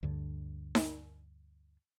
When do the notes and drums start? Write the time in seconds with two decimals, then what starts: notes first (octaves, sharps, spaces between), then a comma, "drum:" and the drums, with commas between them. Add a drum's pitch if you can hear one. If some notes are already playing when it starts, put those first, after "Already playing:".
0.03 D2 G2 D3
0.75 drum: snare D#4